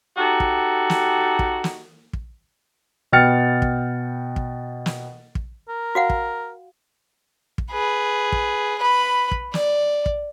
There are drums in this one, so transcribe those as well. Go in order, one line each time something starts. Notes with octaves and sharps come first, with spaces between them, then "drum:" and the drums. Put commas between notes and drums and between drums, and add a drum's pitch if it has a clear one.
D#4 F#4 G4 A4
drum: kick
drum: snare
drum: kick
drum: snare
drum: kick
B2 G5 F6 A6 C#7
drum: kick
drum: kick
drum: snare
drum: kick
A#4
F#4 F5 F#5
drum: kick
drum: kick
G#4 B4
drum: kick
B4 B5
drum: kick
D5, drum: snare
drum: kick